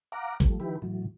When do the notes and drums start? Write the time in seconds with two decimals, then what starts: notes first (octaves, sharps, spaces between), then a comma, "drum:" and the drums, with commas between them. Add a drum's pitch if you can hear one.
0.12 F5 F#5 A#5 D6
0.40 F3 G3 A3, drum: kick G#1, hi-hat
0.60 D#3 F3 E4 G4 B4
0.82 A2 E3 F#3